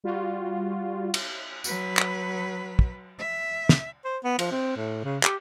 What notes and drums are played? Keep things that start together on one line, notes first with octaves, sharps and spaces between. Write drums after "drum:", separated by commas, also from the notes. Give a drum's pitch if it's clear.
G3 F4 F#4
drum: cymbal
F#3 B4, drum: tambourine
drum: clap
drum: kick
E5
drum: snare
C5
B3
F3, drum: cymbal
C4
A2
C#3
G4, drum: clap